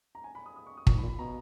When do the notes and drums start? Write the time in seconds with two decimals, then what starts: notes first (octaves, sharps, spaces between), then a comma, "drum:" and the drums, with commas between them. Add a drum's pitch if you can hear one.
0.15 A#5
0.24 G#5
0.35 B5
0.46 D#6
0.56 D#6
0.67 C#6
0.77 D#6
0.87 A#2 C#6, drum: kick
0.95 G#2 B5
1.03 A#2
1.09 B5
1.19 B2 A#5